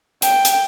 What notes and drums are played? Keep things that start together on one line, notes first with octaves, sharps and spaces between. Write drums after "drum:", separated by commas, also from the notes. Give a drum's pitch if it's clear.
G5, drum: hi-hat
drum: hi-hat